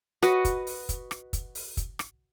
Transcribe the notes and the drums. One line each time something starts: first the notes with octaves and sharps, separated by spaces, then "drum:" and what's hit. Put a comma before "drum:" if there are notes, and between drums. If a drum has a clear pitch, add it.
F#4 B4 D#5, drum: rim click
drum: kick, hi-hat
drum: open hi-hat
drum: kick, hi-hat
drum: rim click
drum: kick, hi-hat
drum: open hi-hat
drum: kick, hi-hat
drum: rim click